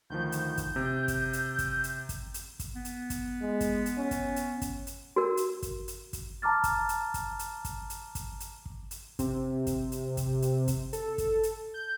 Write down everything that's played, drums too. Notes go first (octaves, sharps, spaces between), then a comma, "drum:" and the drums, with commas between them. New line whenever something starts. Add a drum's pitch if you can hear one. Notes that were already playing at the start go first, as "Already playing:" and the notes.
D2 D#3 F3 G6
drum: hi-hat
drum: kick, hi-hat
C3
drum: kick, hi-hat
drum: hi-hat
drum: kick, hi-hat
drum: hi-hat
drum: kick, hi-hat
drum: hi-hat
drum: kick, hi-hat
B3
drum: hi-hat
drum: kick, hi-hat
G#3
drum: kick, hi-hat
drum: hi-hat
C#4
drum: kick, hi-hat
drum: hi-hat
drum: kick, hi-hat
drum: hi-hat
F#4 A#4
drum: hi-hat
drum: kick, hi-hat
drum: hi-hat
drum: kick, hi-hat
A5 A#5 D6 F6 A6
drum: kick, hi-hat
drum: hi-hat
drum: kick, hi-hat
drum: hi-hat
drum: kick, hi-hat
drum: hi-hat
drum: kick, hi-hat
drum: hi-hat
drum: kick
drum: hi-hat
C3, drum: kick, hi-hat
drum: kick, hi-hat
drum: hi-hat
drum: kick, hi-hat
drum: hi-hat
drum: kick, hi-hat
A4, drum: hi-hat
drum: kick, hi-hat
drum: hi-hat
G6